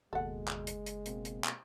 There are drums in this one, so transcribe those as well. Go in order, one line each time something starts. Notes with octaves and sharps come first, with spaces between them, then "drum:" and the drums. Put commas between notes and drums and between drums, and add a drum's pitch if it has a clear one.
F#1 D#2 B2 G#3 A4 F#5
drum: clap
drum: hi-hat
drum: hi-hat
B2 A#3 C4, drum: hi-hat
drum: hi-hat
drum: clap